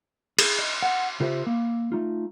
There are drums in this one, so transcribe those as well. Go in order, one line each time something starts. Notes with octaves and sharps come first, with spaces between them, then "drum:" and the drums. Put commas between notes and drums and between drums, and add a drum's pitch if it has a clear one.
G#4, drum: cymbal
D#5
F#5
C#3 F4 G4 A#4 C5 E5
A#3
A3 D#4 F4